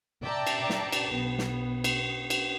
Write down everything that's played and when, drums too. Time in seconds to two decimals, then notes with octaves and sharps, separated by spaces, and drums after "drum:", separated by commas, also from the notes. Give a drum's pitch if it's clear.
0.24 D5 E5 G5 A5 A#5
0.47 drum: cymbal
0.70 drum: snare
0.92 drum: cymbal
1.12 B1 B3
1.38 drum: snare
1.84 drum: cymbal
2.30 drum: cymbal